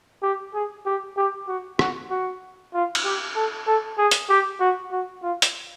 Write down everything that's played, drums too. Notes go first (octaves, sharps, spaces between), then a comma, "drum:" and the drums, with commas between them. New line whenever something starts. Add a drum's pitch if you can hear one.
G4
G#4
G4
G4
F#4
F#4, drum: rim click
F#4
F4
drum: cymbal
G4
A4
A4
G#4
drum: hi-hat
G4
F#4
F#4
F4
drum: hi-hat